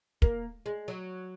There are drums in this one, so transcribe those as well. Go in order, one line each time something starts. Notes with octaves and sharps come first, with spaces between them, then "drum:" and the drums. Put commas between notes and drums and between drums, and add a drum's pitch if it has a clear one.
A#3, drum: kick
G#3
F#3